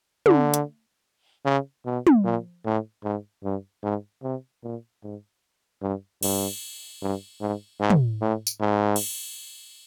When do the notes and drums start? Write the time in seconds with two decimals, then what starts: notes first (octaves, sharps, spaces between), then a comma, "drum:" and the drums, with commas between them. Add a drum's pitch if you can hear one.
0.26 D3, drum: tom
0.54 drum: hi-hat
1.45 C#3
1.86 B2
2.07 drum: tom
2.24 A#2
2.65 A2
3.04 G#2
3.44 G2
3.83 G#2
4.23 C3
4.63 A#2
5.03 G#2
5.82 G2
6.23 G2, drum: cymbal
7.02 G2
7.41 G#2
7.81 G#2
7.90 drum: tom
8.21 A2
8.47 drum: tambourine
8.60 G#2
8.96 drum: cymbal